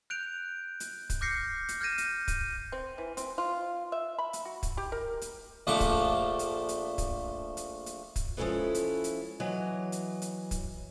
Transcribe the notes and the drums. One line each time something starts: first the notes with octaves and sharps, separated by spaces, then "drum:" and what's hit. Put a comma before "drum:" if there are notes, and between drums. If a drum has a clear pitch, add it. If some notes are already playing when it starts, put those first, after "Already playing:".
F#6 G6 D7 F7
drum: hi-hat
drum: kick, hi-hat
D6 F6 G6 A#6 C7 C#7
drum: hi-hat
F6 G6 G#6 A#6 D#7 E7
drum: hi-hat
D#7, drum: kick, hi-hat
C4
E3
C4, drum: hi-hat
F4
E5
B5
drum: hi-hat
F#4
drum: kick, hi-hat
G4
A#4
drum: hi-hat
A#1 A#2 F3 A3 F#5 D6
drum: kick, hi-hat
drum: hi-hat
drum: hi-hat
drum: kick, hi-hat
drum: hi-hat
drum: hi-hat
drum: kick, hi-hat
F3 G#3 C#4 E4 A4 B4
drum: hi-hat
drum: hi-hat
E3 F#3 C#5 D#5
drum: hi-hat
drum: hi-hat
drum: kick, hi-hat